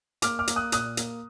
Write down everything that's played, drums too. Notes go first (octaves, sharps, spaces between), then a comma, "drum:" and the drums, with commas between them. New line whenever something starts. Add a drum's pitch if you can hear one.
A#3 D6 F6, drum: hi-hat
D6 F6
A#3, drum: hi-hat
D#6 F#6
A#2 D#6 F#6, drum: hi-hat
A#3, drum: hi-hat